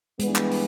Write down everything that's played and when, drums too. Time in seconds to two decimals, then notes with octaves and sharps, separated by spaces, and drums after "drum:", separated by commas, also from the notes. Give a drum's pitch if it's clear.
0.19 G2 E3 G3 G#3 B3, drum: hi-hat
0.35 drum: clap
0.51 drum: open hi-hat